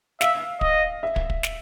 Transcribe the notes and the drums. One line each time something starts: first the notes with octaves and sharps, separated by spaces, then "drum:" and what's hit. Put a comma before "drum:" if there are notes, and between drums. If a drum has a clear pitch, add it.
E5 F5, drum: snare
D#5, drum: kick
E5
drum: kick
drum: kick
drum: snare